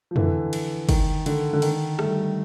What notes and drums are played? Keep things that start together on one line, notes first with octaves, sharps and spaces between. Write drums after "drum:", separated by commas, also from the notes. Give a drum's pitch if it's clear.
F3
D3 E3, drum: tom F2
drum: cymbal
D#3, drum: kick, cymbal
D3, drum: cymbal
D3
D#3, drum: cymbal
G3 A3, drum: rim click